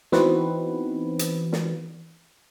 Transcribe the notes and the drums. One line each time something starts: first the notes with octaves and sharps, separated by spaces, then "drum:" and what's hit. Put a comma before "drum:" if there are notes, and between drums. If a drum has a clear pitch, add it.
E3 B3 C4 D#4 F#4 B4, drum: snare
drum: hi-hat
drum: snare